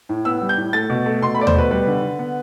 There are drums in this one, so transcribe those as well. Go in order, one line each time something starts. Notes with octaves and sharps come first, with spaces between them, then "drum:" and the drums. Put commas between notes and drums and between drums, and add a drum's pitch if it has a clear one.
A2
B3 E6
G3
G6
A2
A3 A6
B2
A3
B2 C6
B5
A3 D5
C5, drum: tom D#2
B2 B4
G3 B4
D3
D3
B3